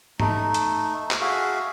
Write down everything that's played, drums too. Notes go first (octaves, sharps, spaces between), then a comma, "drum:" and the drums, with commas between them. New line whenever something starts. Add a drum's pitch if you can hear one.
A3 D#4, drum: tom
drum: hi-hat
drum: clap
F#4 G#4 E5 F5